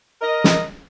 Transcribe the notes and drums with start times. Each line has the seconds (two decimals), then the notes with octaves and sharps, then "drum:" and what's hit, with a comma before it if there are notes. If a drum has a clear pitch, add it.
0.22 A#4 D#5
0.44 drum: snare